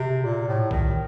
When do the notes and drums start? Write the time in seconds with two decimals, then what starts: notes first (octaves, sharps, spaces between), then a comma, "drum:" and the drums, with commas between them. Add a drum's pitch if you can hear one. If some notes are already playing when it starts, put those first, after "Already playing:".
Already playing: C3
0.24 A#2
0.48 A2
0.71 D#3, drum: kick B1